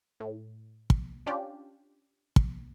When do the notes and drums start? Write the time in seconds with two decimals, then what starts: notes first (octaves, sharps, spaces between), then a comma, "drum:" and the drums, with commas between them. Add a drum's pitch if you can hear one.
0.20 A2
0.90 drum: kick
1.26 C#4 D4 F4 G4 D5
2.36 drum: kick